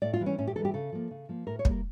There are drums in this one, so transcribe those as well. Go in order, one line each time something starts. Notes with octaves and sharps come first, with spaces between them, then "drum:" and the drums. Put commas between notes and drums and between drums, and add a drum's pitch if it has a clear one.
A2 D5
F4
E3 G3
C#4
A2 C#4
G4
E3 G3 A4
G4
C#3 A4
F3 A#3
C#3
F3 A#3
A2 A#4
C#5
G3 A#3, drum: kick
A#4